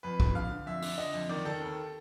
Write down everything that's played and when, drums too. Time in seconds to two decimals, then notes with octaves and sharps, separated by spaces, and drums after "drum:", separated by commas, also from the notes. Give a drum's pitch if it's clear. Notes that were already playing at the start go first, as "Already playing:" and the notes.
0.03 F2 B4
0.20 F2, drum: kick
0.35 D3 F5
0.51 D3
0.66 F2 E5
0.82 D3, drum: open hi-hat
0.98 D3 D#5
1.14 F2
1.29 D#3 D5
1.45 D#3 A4
1.61 D#2